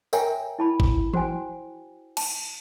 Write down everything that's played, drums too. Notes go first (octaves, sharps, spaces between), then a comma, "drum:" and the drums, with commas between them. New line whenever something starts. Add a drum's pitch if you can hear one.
A#4 C#5 E5 G5 G#5 A#5, drum: tambourine
E4 A5 B5
drum: kick A1
F#4 C5 G5 G#5, drum: tom E3
A5, drum: cymbal